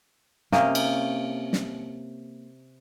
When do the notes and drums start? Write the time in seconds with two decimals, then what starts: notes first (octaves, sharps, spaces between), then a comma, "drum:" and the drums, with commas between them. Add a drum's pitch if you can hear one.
0.52 C3 A#3 C#4 D#5, drum: snare
0.75 drum: cymbal
1.53 drum: snare